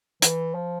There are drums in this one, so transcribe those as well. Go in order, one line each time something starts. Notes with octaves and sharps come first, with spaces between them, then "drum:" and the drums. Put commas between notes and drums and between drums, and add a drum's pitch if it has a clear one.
E3, drum: hi-hat
F3